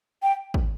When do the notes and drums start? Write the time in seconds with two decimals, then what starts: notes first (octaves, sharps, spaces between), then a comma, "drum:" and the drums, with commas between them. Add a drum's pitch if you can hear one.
0.23 G5
0.54 drum: kick